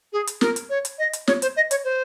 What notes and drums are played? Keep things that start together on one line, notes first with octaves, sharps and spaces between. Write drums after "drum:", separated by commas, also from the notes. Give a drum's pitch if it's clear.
G#4
drum: hi-hat
A#4, drum: snare
drum: hi-hat
C#5
drum: hi-hat
D#5
drum: hi-hat
C#5, drum: snare
C5, drum: hi-hat
D#5
C#5, drum: hi-hat
C5